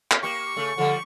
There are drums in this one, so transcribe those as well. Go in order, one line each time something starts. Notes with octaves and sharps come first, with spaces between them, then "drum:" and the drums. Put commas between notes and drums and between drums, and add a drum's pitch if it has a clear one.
drum: clap
A#3 G4 C#6
C#3 A3
D3 F3 G3